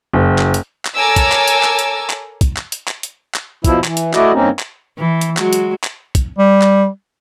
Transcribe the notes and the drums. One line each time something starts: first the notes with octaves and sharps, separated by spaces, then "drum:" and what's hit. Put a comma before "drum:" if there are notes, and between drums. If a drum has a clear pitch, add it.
F#1
drum: clap
drum: hi-hat
drum: clap
A4 A#4 C#5 G#5 D6 E6
drum: kick, hi-hat
drum: clap
drum: hi-hat
drum: clap
drum: hi-hat
drum: clap
drum: kick, hi-hat
drum: clap
drum: hi-hat
drum: clap
drum: hi-hat
drum: clap
B2 F3 E4, drum: kick, hi-hat
E3, drum: clap
drum: hi-hat
A3 E4 F#4 D5 D#5, drum: clap
G2 A#3 C4 C#4 D#4
drum: clap
E3
drum: hi-hat
F#3 G#3 F#4, drum: clap
drum: hi-hat
drum: clap
drum: kick, hi-hat
G3
drum: clap